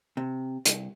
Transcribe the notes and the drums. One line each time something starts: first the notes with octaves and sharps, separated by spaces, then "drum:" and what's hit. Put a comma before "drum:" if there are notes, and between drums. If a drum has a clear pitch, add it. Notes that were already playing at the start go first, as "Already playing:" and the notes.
C3
C2, drum: hi-hat